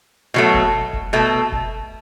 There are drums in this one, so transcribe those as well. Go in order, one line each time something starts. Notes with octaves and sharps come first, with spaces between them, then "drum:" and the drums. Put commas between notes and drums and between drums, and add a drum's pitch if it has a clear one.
B2 F#3 A3
drum: kick
drum: kick
B2 A3
drum: kick